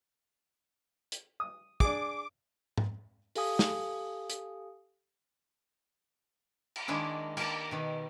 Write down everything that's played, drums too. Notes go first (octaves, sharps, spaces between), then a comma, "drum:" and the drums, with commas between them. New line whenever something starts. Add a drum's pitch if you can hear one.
drum: hi-hat
D#6
D4 G#4 D6, drum: kick
drum: tom G#2
G4 A4 F5 G#5 D#6, drum: open hi-hat
drum: snare
drum: hi-hat
drum: cymbal
D#3 G#3 A#3 D4 E4 F5
A#3 G4 A#4 F5 A5, drum: cymbal
B2 D#3